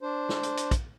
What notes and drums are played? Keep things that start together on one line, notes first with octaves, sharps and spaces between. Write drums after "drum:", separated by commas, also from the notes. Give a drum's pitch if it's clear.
D4 C5
drum: snare
drum: hi-hat
drum: hi-hat
drum: kick, hi-hat